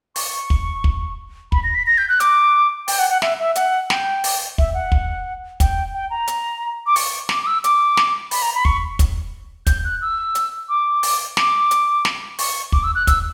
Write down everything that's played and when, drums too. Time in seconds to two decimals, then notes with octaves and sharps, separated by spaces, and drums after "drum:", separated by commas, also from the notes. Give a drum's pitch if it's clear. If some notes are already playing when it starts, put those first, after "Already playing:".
0.16 C#6, drum: open hi-hat
0.50 drum: kick
0.84 drum: kick
1.52 B5, drum: kick
1.64 A#6
1.75 B6
1.87 A#6
1.98 G6
2.09 F#6
2.20 D6, drum: hi-hat
2.88 G5, drum: open hi-hat
2.99 F#5
3.10 F#5
3.22 E5, drum: snare
3.39 E5
3.55 F#5, drum: hi-hat
3.90 G5, drum: snare
4.24 drum: open hi-hat
4.58 E5, drum: kick
4.74 F#5
4.92 drum: kick
5.60 G5, drum: kick, hi-hat
5.94 G5
6.10 A#5
6.27 drum: hi-hat
6.86 D6
6.96 C#6, drum: open hi-hat
7.29 D6, drum: snare
7.42 D6
7.47 E6
7.64 D6, drum: hi-hat
7.97 drum: snare
8.31 B5, drum: open hi-hat
8.42 A#5
8.54 B5
8.65 C#6, drum: kick
8.99 drum: kick, hi-hat
9.66 G6, drum: kick, hi-hat
9.85 F#6
10.02 E6
10.35 drum: hi-hat
10.69 D6
11.03 drum: open hi-hat
11.37 D6, drum: snare
11.71 drum: hi-hat
12.05 drum: snare
12.39 C#6, drum: open hi-hat
12.72 D6, drum: kick
12.83 E6
12.95 F#6
13.07 E6, drum: kick, hi-hat